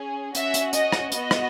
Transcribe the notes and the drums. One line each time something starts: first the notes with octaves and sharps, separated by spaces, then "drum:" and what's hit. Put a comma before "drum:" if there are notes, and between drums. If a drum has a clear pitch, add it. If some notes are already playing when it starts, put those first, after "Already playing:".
Already playing: C#4 G#4
C#4 F#4 E5, drum: hi-hat
drum: hi-hat
D#5, drum: hi-hat
drum: rim click
B3 F#4 D#5, drum: hi-hat
drum: rim click